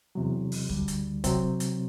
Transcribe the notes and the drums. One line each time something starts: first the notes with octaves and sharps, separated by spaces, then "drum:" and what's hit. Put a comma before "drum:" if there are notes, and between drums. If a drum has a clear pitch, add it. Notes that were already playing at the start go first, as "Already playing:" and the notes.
E2 C3 F#3
drum: open hi-hat
D2 D3 G3, drum: kick
drum: hi-hat
C3 F#3 C4, drum: kick, hi-hat
drum: hi-hat